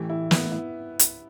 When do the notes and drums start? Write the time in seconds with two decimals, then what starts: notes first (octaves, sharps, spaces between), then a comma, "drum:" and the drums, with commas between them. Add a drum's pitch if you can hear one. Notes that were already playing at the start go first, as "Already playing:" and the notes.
Already playing: A2 E3 A3 G4
0.10 E4
0.31 B3, drum: snare
0.52 E4
0.99 drum: hi-hat